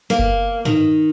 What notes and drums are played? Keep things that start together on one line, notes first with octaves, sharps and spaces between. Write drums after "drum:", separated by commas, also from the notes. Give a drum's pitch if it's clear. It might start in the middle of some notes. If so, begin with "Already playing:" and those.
A#3
drum: kick F#1
D#3, drum: tom